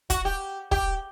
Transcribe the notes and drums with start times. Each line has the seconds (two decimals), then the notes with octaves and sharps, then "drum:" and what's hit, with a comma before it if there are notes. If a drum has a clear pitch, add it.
0.10 F#4, drum: kick, hi-hat
0.25 G4
0.71 G4, drum: kick